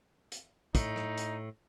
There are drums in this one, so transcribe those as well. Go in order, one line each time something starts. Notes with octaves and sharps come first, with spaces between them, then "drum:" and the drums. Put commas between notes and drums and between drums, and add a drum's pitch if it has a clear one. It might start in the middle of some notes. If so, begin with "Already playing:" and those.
drum: hi-hat
A2 D#4, drum: kick, hi-hat
drum: rim click
drum: hi-hat